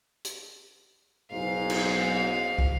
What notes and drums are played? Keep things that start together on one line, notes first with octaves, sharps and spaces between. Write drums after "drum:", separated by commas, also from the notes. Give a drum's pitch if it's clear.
drum: hi-hat
F#1 B1 G#2 F5
drum: cymbal
drum: kick